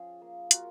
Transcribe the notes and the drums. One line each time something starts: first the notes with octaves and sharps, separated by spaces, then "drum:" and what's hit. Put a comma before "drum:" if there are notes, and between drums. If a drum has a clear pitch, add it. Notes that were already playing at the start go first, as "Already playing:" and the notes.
Already playing: F3 C#4 G#4
A#3
F4 F#4 A#4, drum: hi-hat